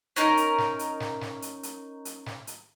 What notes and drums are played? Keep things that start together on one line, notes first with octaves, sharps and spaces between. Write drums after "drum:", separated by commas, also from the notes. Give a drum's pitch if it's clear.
C#4 D#4 A#4, drum: hi-hat
drum: hi-hat
drum: snare
drum: hi-hat
drum: snare
drum: snare
drum: hi-hat
drum: hi-hat
drum: hi-hat
drum: snare
drum: hi-hat